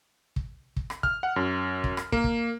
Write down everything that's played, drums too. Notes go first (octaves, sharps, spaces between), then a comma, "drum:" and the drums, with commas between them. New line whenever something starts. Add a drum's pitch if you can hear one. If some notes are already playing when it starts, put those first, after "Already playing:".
drum: kick
drum: kick
drum: rim click
F6, drum: kick
F#5
F#2
drum: kick
drum: rim click
A#3, drum: kick
drum: kick